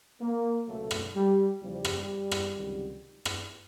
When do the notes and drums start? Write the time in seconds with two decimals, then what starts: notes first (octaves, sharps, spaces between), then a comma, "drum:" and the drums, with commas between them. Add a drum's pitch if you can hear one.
0.20 A#3
0.67 C#2 B2 F#3 A3
0.91 drum: rim click
1.15 G3
1.61 E2 C#3 F3 G3
1.85 drum: rim click
2.31 drum: rim click
2.55 C#2 C3 D#3 F#3
3.25 drum: rim click